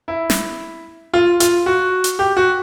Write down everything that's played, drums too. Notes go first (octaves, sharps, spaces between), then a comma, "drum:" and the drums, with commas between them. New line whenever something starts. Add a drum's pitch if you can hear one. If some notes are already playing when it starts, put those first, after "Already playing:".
E4
drum: snare
F4
F4, drum: hi-hat
F#4
drum: hi-hat
G4
F#4